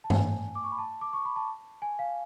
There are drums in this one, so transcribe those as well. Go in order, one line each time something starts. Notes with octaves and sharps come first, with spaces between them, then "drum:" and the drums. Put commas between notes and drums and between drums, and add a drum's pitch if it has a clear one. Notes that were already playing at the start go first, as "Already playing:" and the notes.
A5
G#5, drum: tom
D6
C#6
B5
A5
D6
C#6
B5
A5
G#5
F5